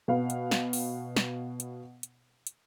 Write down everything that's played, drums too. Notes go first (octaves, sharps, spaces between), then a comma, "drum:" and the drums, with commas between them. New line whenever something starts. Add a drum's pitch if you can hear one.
B2 B4 F5
drum: hi-hat
drum: snare
drum: open hi-hat
drum: snare
drum: hi-hat
drum: hi-hat
drum: hi-hat